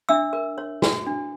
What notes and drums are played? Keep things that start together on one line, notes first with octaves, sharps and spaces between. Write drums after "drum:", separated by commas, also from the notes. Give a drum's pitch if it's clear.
D4 E5 E6
A#4
C#5
F#4, drum: snare
D4